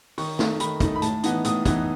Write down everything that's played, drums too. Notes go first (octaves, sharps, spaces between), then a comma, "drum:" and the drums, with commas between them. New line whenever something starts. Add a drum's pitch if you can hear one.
D#3 C#6, drum: open hi-hat
A3 D#4, drum: snare
D#3 B5, drum: hi-hat
A3 D#4, drum: kick, hi-hat
B5
A2 A5, drum: hi-hat
E3 B3 D#4, drum: hi-hat
A2 D#6, drum: hi-hat
E3 B3 D#4, drum: kick, hi-hat